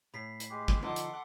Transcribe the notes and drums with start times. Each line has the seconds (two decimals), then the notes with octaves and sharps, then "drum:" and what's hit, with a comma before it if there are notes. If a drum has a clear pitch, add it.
0.14 A2 B5 B6 C7
0.40 drum: hi-hat
0.50 G#3 G4
0.68 drum: kick
0.82 D3 F3 D#4 A4 F#5 C6 D6
0.96 drum: hi-hat